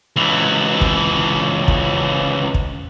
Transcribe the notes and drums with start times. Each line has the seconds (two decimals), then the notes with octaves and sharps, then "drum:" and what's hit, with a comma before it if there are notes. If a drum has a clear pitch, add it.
0.16 C#2 E3
0.81 drum: kick
1.68 drum: kick
2.54 drum: kick